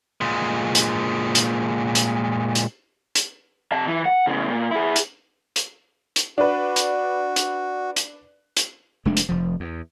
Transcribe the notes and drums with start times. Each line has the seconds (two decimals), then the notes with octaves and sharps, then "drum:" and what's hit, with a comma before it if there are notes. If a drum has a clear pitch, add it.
0.21 A#2 G#3
0.75 drum: hi-hat
1.35 drum: hi-hat
1.95 drum: hi-hat
2.55 drum: hi-hat
3.15 drum: hi-hat
3.72 C3 A5
3.88 E3
4.06 F#5
4.27 A2 C#3
4.50 A#2
4.71 E4 G#4
4.96 drum: hi-hat
5.56 drum: hi-hat
6.16 drum: hi-hat
6.38 D4 F#4 B4
6.76 drum: hi-hat
7.36 drum: hi-hat
7.96 drum: hi-hat
8.57 drum: hi-hat
9.05 F1 G#3 A3 D4
9.17 drum: hi-hat
9.29 F1 F3
9.60 E2